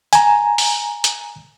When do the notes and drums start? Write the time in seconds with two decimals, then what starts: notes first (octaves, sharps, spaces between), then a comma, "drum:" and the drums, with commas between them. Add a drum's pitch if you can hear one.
0.13 G#5 A#5, drum: hi-hat
0.58 drum: open hi-hat
1.04 drum: hi-hat